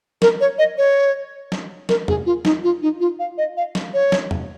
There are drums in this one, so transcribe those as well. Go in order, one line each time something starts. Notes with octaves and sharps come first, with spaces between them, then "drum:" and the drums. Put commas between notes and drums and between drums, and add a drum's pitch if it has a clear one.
A#4, drum: snare
C#5
D#5
C#5
drum: snare
A#4, drum: snare
G#4, drum: tom E2
F4
D#4, drum: snare
F4
D#4
F4
F5
D#5
F5
drum: snare
C#5
drum: snare
drum: tom E2